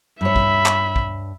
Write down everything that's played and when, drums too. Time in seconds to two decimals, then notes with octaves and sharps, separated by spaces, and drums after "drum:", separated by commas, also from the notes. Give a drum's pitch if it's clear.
0.21 G2 C#5 E5 B5
0.36 drum: kick
0.66 drum: clap
0.96 drum: kick